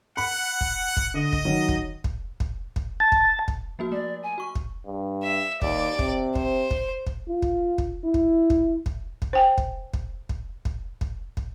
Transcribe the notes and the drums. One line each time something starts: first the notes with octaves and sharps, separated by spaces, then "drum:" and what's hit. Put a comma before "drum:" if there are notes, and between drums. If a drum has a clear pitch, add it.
F#5 B5
drum: kick
drum: kick
D3 D#5
drum: kick
D#3 F#3
drum: kick
drum: kick
drum: kick
drum: kick
A5
drum: kick
drum: kick
F3 A#3 F#4
A3 D5
G#5
F#4 C#6
drum: kick
G2
E5
D#2 D5, drum: kick
C3, drum: kick
C5, drum: kick
drum: kick
drum: kick
F4
drum: kick
drum: kick
E4
drum: kick
drum: kick
drum: kick
drum: kick
C5 G5 G#5
drum: kick
drum: kick
drum: kick
drum: kick
drum: kick
drum: kick